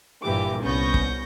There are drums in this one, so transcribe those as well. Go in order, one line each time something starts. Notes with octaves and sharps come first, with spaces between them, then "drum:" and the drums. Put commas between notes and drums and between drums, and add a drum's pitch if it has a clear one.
G1 G2 A#2 E3 G4 D6
C2 B3 C#4 C#6 G6 A#6
drum: kick